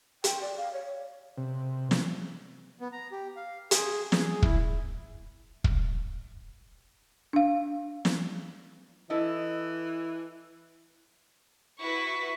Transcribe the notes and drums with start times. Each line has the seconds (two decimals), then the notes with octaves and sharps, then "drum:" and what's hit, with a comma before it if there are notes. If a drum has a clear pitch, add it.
0.24 G5, drum: hi-hat
0.42 D5
0.57 F5
0.73 C#5
1.38 C3
1.91 drum: snare
2.81 B3
2.92 A#5
3.12 G4
3.36 F5
3.71 G#4, drum: hi-hat
4.12 G#4, drum: snare
4.42 E4, drum: kick
5.64 drum: kick
7.33 D4 F5
8.05 drum: snare
9.10 E3 E4 A4 D#5
11.79 E4 F#4 B4 C#6 B6